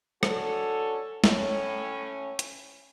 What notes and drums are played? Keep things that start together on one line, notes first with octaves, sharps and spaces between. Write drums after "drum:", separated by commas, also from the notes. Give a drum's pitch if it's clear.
C#4 D4 F#4 A4, drum: rim click
A2 C#4, drum: snare
drum: hi-hat